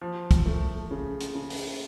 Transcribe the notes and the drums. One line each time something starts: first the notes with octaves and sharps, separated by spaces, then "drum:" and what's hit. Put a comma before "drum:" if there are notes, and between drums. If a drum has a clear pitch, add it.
F3
drum: kick, hi-hat
A3
C#3
drum: hi-hat
C#3
drum: open hi-hat